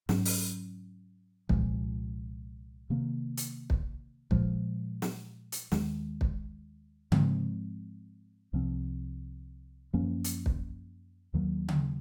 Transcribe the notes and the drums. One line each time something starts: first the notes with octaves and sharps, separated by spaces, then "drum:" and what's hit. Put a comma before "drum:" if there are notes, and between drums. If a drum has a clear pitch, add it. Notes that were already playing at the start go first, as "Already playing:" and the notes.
G#2 F#3 C#4, drum: snare
drum: open hi-hat
C2 A#2 F3 G#3, drum: kick
C3 D#3 A#3
drum: hi-hat
drum: kick
A#2 F3 G#3, drum: kick
drum: snare
drum: hi-hat
D#2 D#3 G#3, drum: snare
drum: kick
G#2 F3 G#3 C4, drum: tom C#3
C2 C3 F3 C4
F#2 F3 A#3 C#4
drum: hi-hat
drum: kick
D#2 D#3 F#3 A#3
drum: tom C#3